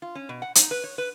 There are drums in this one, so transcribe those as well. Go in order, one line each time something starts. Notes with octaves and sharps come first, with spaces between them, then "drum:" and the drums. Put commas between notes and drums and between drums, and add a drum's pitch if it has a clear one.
F4
C#4
B2
F#5
D#4, drum: hi-hat
B4
C#5
B4